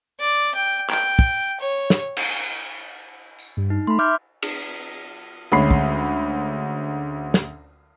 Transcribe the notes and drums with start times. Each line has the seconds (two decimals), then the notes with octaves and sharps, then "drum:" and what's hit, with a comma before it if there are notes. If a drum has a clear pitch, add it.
0.20 D5
0.55 G5
0.90 G5, drum: clap
1.19 drum: kick
1.61 C#5
1.90 drum: snare
2.17 drum: cymbal
3.39 drum: tambourine
3.57 G2
3.70 D#4
3.87 A3 B5 C6
3.99 E5 D6 F6 G6
4.42 drum: cymbal
5.52 D2 G#3 C#4 B5 C7
5.71 drum: kick
7.34 drum: snare